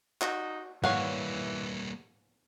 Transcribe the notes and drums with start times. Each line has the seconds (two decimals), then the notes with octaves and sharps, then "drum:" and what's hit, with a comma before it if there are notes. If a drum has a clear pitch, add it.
0.22 D#4 F#4, drum: clap
0.84 E3 G3 A#3 C#5 F5 F#5, drum: tom G#2